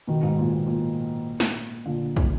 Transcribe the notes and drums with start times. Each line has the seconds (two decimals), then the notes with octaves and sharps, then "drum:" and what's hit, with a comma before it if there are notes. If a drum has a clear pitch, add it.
0.07 B2 D#3
0.23 G#2
0.38 A#2
0.52 A#2
0.67 A#2
1.40 drum: snare
1.86 A#2 D3
2.16 drum: kick